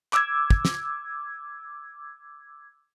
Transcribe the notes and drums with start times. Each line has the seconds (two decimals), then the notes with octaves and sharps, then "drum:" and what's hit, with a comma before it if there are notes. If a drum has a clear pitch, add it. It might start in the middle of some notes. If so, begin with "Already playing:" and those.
0.13 D6 E6 G#6, drum: clap
0.50 drum: kick
0.65 drum: snare